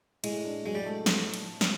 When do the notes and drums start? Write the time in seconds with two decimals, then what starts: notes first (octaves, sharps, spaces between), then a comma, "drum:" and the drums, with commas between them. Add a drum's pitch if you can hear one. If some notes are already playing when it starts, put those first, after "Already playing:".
0.24 A2 G#3, drum: cymbal
0.44 D4
0.65 F#3 G#3
0.75 G3
0.86 A3
1.06 drum: snare
1.34 drum: cymbal
1.61 drum: snare